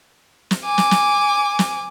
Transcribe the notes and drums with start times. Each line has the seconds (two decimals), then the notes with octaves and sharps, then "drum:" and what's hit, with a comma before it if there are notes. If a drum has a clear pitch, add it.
0.51 drum: snare
0.64 G#5 D6
0.78 drum: snare
0.91 drum: snare
1.59 drum: snare